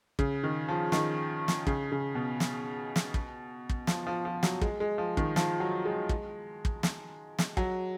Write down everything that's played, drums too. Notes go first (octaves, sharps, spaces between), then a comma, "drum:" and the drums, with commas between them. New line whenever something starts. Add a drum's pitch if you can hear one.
C#3, drum: kick
D#3
F3
D#3, drum: snare
drum: snare
C#3, drum: kick
C#3
B2
drum: snare
drum: snare
drum: kick
drum: kick
F3, drum: snare
F3
F3
F#3, drum: snare
G#3, drum: kick
G#3
F3
D#3, drum: kick
F3, drum: snare
F#3
G#3
drum: kick
drum: kick
drum: snare
drum: snare
F#3, drum: kick